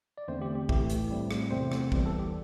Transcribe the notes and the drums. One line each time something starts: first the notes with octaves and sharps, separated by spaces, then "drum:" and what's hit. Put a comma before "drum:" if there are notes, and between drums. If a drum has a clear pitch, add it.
D5
E2 D3 A3 C4 C5
G4
G4
A2 E3 A3 G4, drum: kick
drum: hi-hat
A2 G3 C4
drum: rim click
E2 C3 A3 C4 C5
drum: rim click
E2 E3 G3 C5, drum: kick
A4
G4